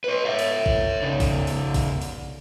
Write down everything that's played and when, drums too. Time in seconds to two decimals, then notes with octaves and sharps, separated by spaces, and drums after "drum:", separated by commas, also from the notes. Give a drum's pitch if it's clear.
0.04 B4 C#5
0.25 C#5 E5
0.39 drum: open hi-hat
0.66 drum: kick
1.02 C#3 D#4
1.20 drum: kick, open hi-hat
1.47 drum: open hi-hat
1.74 drum: kick, open hi-hat
2.02 drum: open hi-hat